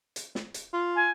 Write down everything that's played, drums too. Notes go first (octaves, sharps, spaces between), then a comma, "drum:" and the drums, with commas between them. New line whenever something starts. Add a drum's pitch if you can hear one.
drum: hi-hat
drum: snare
drum: hi-hat
F4
G#5